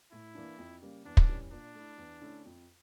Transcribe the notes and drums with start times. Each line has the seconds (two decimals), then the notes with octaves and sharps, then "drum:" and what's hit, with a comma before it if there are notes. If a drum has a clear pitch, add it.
0.11 A2 E4
0.35 E3 A#3 D4
0.58 F2
0.82 C#3 G3 A#3
1.05 E2 D4
1.17 drum: kick
1.28 E3 G3 C#4
1.52 A#2 D4
1.74 A3 E4
1.98 E2
2.21 D3 A3 C#4 E4
2.45 F2